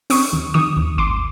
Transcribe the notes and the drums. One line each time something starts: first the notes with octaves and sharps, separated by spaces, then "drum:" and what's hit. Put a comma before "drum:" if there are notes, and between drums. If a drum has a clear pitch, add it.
C4 C#6 D#6, drum: open hi-hat
D#2
D#3 C#6 D#6
D#2
G#1 C6 D6